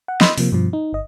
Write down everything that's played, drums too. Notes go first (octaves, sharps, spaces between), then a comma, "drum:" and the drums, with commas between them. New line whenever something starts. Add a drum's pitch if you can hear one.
F#5
D#5 B5 C6 E6, drum: snare
C3 F3 A#3, drum: open hi-hat
G2 B2 F3
D#4
G1 D#5